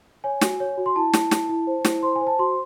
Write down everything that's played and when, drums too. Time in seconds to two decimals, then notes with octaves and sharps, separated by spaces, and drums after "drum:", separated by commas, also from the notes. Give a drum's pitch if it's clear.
0.24 C#5 G#5
0.42 F#4, drum: snare
0.60 C#5
0.78 F#4
0.86 C6
0.96 E4 A5
1.14 E4, drum: snare
1.31 E4, drum: snare
1.49 E4
1.67 C5
1.85 E4, drum: snare
2.03 C5 C6
2.15 G#5
2.21 C5
2.27 A5
2.39 F#4 C6